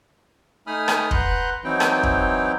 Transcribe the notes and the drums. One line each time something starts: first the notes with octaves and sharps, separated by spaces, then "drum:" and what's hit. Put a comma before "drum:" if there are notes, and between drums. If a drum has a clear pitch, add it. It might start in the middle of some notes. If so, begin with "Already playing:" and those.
A3 D#4 G#5 B5 D#6 F6
drum: rim click
B4 F#5 A#5 C6 F#6 G6, drum: kick
E3 F#3 C4 D#4 E4 G5
drum: rim click
drum: kick